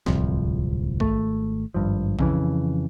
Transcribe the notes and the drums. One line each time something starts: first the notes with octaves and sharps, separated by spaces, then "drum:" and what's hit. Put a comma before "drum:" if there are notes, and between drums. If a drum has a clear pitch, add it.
D1 C2 F2 F3, drum: snare
G#1 A3, drum: kick
G#1 G2 F3
F2 C#3 E3, drum: kick